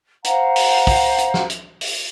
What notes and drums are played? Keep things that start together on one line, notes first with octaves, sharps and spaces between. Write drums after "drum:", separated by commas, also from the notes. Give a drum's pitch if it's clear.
C5 F5 F#5 A#5, drum: hi-hat
drum: open hi-hat
drum: kick, open hi-hat
drum: hi-hat
drum: snare
drum: hi-hat
drum: open hi-hat